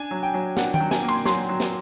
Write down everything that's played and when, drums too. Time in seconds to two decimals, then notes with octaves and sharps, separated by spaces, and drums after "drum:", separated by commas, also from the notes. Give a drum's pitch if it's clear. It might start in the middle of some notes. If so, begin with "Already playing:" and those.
Already playing: D4 G#5
0.11 F#3
0.23 G5
0.34 F#3
0.57 D4 F#5, drum: snare
0.74 G5, drum: tom D#3
0.80 F#3
0.91 G#5, drum: snare
1.03 A#3
1.08 C6, drum: cymbal
1.26 F#3 C6, drum: snare
1.49 F#3
1.60 drum: snare